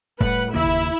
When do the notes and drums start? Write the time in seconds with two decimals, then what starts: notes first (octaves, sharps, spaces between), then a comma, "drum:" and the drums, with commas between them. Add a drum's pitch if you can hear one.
0.20 A2 G3 B4 F#5, drum: kick F1
0.54 D#2 C#3 A#3 E4 E5
0.63 drum: kick F1